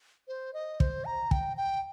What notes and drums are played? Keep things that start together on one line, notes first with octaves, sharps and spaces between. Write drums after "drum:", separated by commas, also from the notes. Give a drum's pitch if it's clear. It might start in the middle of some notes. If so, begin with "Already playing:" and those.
C5
D#5
C5, drum: kick
A#5
G5, drum: kick
G5